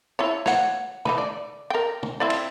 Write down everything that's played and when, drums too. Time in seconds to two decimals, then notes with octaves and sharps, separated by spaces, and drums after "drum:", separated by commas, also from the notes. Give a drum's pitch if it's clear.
0.19 E4 F4 C#5
0.46 C#5 F#5, drum: snare
1.05 E3 D#4 B4, drum: tom
1.18 D5
1.70 A#4 G5
2.03 drum: tom
2.20 C4 E4 D5
2.30 drum: cymbal